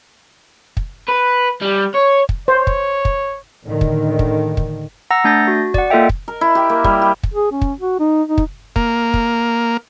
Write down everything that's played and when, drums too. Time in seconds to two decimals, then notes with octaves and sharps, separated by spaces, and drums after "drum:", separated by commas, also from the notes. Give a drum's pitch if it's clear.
0.77 drum: kick
1.09 B4
1.62 G3
1.95 C#5
2.29 drum: kick
2.48 C5 C#5
2.67 drum: kick
3.05 drum: kick
3.66 A2 D3 D#3
3.81 drum: kick
4.19 drum: kick
4.57 drum: kick
5.11 F#5 A#5 E6 A#6
5.24 A3 D4 G6 A6 A#6
5.48 F#4
5.74 D5 F#5, drum: kick
5.90 A#3 F4 A4 D#5 E5 G5
6.09 drum: kick
6.28 A#4
6.41 E4
6.55 G4
6.69 A#3
6.84 G3, drum: kick
7.02 G4
7.23 drum: kick
7.34 G#4
7.52 C#4
7.62 drum: kick
7.80 F#4
8.00 D#4
8.28 D#4
8.38 drum: kick
8.76 A#3, drum: kick
9.14 drum: kick